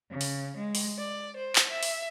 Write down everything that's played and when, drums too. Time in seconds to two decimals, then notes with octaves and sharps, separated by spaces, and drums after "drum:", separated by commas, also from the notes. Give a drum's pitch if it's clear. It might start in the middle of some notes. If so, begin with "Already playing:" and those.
0.10 C#3
0.21 drum: open hi-hat
0.56 G#3
0.75 drum: open hi-hat
0.98 D5
1.36 C5
1.56 drum: clap
1.69 E5
1.83 drum: open hi-hat